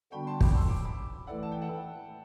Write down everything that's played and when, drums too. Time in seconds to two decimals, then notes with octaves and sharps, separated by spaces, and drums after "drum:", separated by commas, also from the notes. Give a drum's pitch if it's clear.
0.12 D3 G3 B3 D4 F#4 G5 B5
0.27 A5 C6
0.41 B5 D6, drum: kick
0.55 C6 E6
0.69 B5 D6
0.84 B5 D6
1.27 E3 A3 E4 A4 D5 F#5
1.43 A5
1.52 G5
1.62 F#5 A5